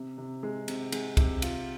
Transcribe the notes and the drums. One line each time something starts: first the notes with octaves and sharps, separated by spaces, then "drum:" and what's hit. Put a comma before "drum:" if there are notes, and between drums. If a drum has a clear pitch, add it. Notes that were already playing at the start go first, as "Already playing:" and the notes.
Already playing: C3
C3
G#3
C3, drum: cymbal
G#3, drum: cymbal
C3, drum: kick, cymbal
F4, drum: cymbal